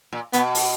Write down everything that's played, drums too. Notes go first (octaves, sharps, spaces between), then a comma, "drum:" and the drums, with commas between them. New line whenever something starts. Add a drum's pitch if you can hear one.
A#2
B2 B3, drum: hi-hat
drum: open hi-hat